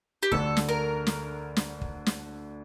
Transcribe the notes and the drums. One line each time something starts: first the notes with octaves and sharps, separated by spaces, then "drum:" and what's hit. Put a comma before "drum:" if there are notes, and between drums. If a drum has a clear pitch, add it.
G4
D2 D3 A3 D4 A4, drum: kick
drum: snare
A#4
drum: snare
drum: snare
drum: kick
drum: snare